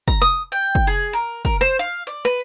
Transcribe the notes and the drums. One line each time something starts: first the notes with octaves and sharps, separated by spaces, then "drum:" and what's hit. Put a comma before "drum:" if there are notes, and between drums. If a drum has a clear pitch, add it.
A#5, drum: kick
D#6, drum: rim click
G5
drum: kick
G#4
A#4
A#4, drum: kick
C5, drum: rim click
F5
D5
B4, drum: rim click